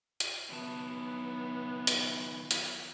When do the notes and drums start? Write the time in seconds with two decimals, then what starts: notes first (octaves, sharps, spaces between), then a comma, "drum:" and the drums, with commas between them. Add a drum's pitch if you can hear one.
0.20 drum: hi-hat
0.50 D#3 F#3 B3 E4 F#4 A5
1.87 drum: hi-hat
2.51 drum: hi-hat